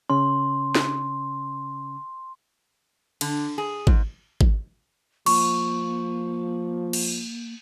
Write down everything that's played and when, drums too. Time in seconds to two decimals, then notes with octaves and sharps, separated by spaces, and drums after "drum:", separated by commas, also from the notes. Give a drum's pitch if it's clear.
0.10 C#3 C#4 C6
0.75 drum: snare
3.21 D3, drum: cymbal
3.58 G#4
3.87 G#2, drum: kick G#1
4.41 drum: kick G#1
5.26 F3 A#3 C#6, drum: cymbal
6.93 drum: cymbal